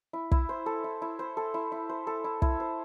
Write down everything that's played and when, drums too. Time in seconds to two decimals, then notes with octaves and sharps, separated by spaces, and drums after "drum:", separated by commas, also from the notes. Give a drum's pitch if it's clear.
0.13 E4
0.32 E4, drum: kick
0.49 C5
0.66 A4
0.84 E4
1.02 E4
1.19 C5
1.37 A4
1.54 E4
1.72 E4
1.89 C5
2.07 A4
2.24 E4
2.42 E4, drum: kick
2.60 C5